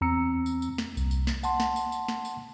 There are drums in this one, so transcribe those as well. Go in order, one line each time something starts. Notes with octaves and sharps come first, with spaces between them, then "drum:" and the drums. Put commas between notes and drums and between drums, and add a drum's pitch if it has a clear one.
E2 C4 A#5 E6 C#7
drum: tambourine
drum: tambourine
drum: snare
C2, drum: tambourine
drum: tambourine
drum: snare
F#5 A5 C6, drum: tambourine
drum: snare
drum: tambourine
drum: tambourine
drum: snare
drum: tambourine